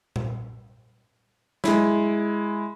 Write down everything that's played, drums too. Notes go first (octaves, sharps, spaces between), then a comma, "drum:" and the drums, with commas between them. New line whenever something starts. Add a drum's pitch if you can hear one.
drum: tom A#2
G#3 E4, drum: snare